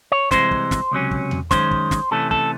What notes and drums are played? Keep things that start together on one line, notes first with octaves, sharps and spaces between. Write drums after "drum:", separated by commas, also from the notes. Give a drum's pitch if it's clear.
C#5
C2 C3 E3 G#3 C5, drum: snare
drum: kick
drum: snare
C#2 C3 F#3 C#4
drum: kick
drum: tom E2
F#2 D#3 G#3 C#4 C5, drum: snare
drum: kick
drum: snare
C3 E3 A3 C#4 A4
A4, drum: kick